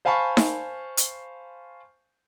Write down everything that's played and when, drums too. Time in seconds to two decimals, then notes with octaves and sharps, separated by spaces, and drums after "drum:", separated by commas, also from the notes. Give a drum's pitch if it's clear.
0.05 C5 F5 G#5 A5 B5 C#6
0.37 drum: snare D#4
0.97 drum: hi-hat